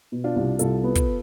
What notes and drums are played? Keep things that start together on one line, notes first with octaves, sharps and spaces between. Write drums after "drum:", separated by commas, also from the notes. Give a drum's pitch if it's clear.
B2
D4 F4
C2
C2 F4 A4, drum: hi-hat
B3
drum: kick, hi-hat